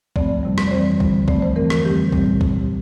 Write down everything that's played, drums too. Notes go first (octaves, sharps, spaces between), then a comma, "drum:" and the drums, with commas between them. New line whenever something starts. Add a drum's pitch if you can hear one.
G2 F3 A3 C4 D5, drum: kick B1
F2 C3 G3
drum: rim click
D5
F2 E3 G3 C4 C5
G2 D3 G3, drum: kick B1
G2 F3 A3 C4 D5, drum: kick B1
C5
E2 E3 A3 C4 A#4
drum: rim click
F2 D3 G3 C4 G4
A#2 G3 C4, drum: kick B1
drum: kick B1